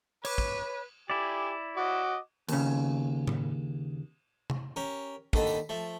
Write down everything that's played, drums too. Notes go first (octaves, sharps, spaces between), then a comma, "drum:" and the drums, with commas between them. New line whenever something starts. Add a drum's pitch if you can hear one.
B4 C#5 D6, drum: cymbal
drum: kick
E4 G4 D5 G#5
F#4 D#5 D6
D#2 C#3, drum: cymbal
drum: tom
drum: tom C3
C#4 G4 A#4
D#2 D3 D#3 A4 D#5 B5, drum: kick
drum: tambourine
F3 A3